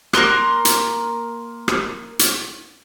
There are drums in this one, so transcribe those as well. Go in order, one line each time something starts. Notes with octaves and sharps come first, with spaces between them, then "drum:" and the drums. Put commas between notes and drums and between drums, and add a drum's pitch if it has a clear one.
A#3 A#4 C6 F#6, drum: rim click
drum: hi-hat
drum: rim click
drum: hi-hat